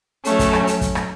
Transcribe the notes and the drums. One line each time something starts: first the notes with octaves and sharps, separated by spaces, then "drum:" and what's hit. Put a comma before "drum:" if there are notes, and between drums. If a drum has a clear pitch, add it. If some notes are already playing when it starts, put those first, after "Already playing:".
F#3 A3 C#4, drum: hi-hat
drum: kick, hi-hat
drum: rim click
drum: hi-hat
drum: kick, hi-hat
drum: rim click